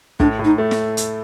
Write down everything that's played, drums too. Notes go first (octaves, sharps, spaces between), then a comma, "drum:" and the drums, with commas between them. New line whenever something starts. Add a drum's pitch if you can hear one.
A2 D4, drum: kick
A2
D#4
A3
drum: snare
drum: hi-hat